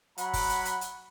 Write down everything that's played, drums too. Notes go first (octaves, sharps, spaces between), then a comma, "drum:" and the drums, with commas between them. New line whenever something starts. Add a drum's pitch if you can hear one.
F#3 F#5 B5, drum: hi-hat
drum: kick F#1, open hi-hat
drum: hi-hat
drum: hi-hat
drum: hi-hat